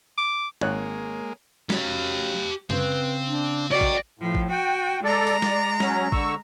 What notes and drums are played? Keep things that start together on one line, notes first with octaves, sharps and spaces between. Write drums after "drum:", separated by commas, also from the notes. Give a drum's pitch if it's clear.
D6
G#1 G#3 A#3 C#5 F#6
F#3 C#4 G4 F5, drum: snare
C#3 C4 B4, drum: tom F#2
D4
F#4 D5 D#5 G5
drum: kick A1
A2 F3
drum: kick A1
F#4 G5
G#3 A4 D5 A#5
drum: open hi-hat
D5, drum: snare
F#3 C#4, drum: snare
D3 C#6 E6, drum: kick A1